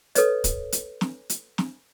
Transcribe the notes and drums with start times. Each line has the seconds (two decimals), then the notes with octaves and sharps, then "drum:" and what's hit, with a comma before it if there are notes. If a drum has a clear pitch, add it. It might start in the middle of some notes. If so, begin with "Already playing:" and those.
0.15 A4 B4 C#5 D#5, drum: hi-hat
0.44 drum: kick, hi-hat
0.72 drum: hi-hat
1.01 drum: snare
1.30 drum: hi-hat
1.58 drum: snare